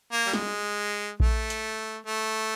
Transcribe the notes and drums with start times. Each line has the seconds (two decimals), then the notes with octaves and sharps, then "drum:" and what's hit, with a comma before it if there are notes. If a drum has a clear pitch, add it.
0.12 A#3
0.26 G3
0.33 G#3, drum: snare
1.20 A3, drum: kick A#1
1.50 drum: hi-hat
2.07 A3